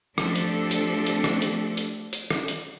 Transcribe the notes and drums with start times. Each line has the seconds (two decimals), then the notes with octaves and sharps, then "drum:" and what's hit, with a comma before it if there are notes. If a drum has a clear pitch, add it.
0.18 F3 A3 C4 D4 G4 A4, drum: rim click
0.36 drum: hi-hat
0.71 drum: hi-hat
1.06 drum: hi-hat
1.24 drum: rim click
1.42 drum: hi-hat
1.77 drum: hi-hat
2.13 drum: hi-hat
2.31 drum: rim click
2.48 drum: hi-hat